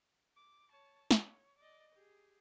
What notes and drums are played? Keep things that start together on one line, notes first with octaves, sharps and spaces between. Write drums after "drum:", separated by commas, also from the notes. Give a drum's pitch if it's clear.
D6
C#5 A5
C#5, drum: snare
D5 D#5
G4 G#4